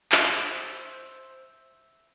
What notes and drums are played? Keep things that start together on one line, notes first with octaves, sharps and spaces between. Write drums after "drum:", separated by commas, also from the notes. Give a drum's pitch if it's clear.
C5 E5, drum: clap